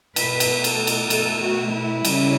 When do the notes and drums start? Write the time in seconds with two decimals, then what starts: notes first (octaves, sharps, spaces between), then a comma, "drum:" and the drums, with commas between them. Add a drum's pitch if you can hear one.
0.16 B2 A3 B4, drum: cymbal
0.40 drum: cymbal
0.64 A4, drum: cymbal
0.87 drum: cymbal
1.10 B2 A3 A4, drum: cymbal
1.41 F#4
1.73 E4
2.05 C#3 G3, drum: cymbal